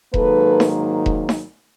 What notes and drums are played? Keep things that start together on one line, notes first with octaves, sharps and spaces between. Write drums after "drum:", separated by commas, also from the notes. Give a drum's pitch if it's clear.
G#2 D#3 F#3 A#3 A4 B4, drum: kick E1
drum: snare D#4
drum: kick E1
drum: snare D#4